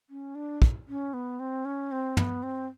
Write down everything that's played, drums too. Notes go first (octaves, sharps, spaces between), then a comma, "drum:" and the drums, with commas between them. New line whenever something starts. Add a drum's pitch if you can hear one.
C#4
D4
drum: kick
C#4
B3
C4
C#4
C4
B3, drum: tom
C4